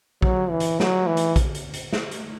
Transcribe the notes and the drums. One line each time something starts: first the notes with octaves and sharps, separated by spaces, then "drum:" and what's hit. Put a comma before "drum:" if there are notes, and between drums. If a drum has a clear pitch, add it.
F#3, drum: kick
E3
drum: hi-hat
F#3, drum: snare
E3
drum: hi-hat
drum: kick, hi-hat
drum: hi-hat
drum: hi-hat
drum: snare
drum: hi-hat